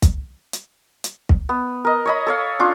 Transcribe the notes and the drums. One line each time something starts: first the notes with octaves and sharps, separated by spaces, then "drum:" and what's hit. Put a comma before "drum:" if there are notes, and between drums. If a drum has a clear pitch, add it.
drum: kick, hi-hat
drum: hi-hat
drum: hi-hat
drum: kick
B3
A#4 D#5
C#5 D#5 B5
A4 C#5 F5
C#4 D4 F4